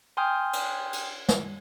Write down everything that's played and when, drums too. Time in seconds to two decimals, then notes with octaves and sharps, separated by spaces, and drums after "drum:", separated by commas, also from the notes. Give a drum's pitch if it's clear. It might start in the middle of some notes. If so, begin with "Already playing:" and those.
0.17 G5 G#5 C6 D#6 F6 G6
0.53 drum: cymbal
0.93 drum: cymbal
1.28 drum: snare